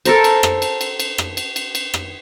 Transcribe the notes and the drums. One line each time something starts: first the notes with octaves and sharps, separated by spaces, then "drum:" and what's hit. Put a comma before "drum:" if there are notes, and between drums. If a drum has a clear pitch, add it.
A4 A#4 C5, drum: cymbal
drum: cymbal
drum: rim click
drum: cymbal
drum: cymbal
drum: cymbal
drum: rim click
drum: cymbal
drum: cymbal
drum: cymbal
drum: rim click